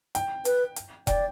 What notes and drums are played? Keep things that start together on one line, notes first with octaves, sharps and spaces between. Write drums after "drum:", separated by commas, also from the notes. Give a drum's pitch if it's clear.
G5, drum: hi-hat
B4, drum: hi-hat
drum: hi-hat
D5 G5, drum: kick E1, hi-hat